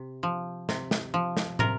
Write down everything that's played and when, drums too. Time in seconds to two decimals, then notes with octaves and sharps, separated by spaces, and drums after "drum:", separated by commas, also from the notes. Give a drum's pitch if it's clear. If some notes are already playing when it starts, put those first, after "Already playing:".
Already playing: C3
0.23 F3
0.69 C3, drum: snare
0.91 drum: snare
1.14 F3
1.37 drum: snare
1.59 C3 A#4, drum: tom